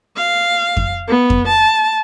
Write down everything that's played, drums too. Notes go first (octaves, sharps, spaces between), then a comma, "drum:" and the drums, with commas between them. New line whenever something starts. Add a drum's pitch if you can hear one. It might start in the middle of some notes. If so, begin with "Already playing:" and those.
F5
drum: kick F2
B3
drum: kick F2
A5